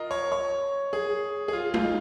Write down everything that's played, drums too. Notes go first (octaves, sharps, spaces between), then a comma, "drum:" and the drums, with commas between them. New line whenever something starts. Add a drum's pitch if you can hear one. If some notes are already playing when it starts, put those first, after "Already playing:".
Already playing: F4 A#4 D#5
C#5
C#5
G#4
G#4
F4
F4, drum: tom G#3
D#4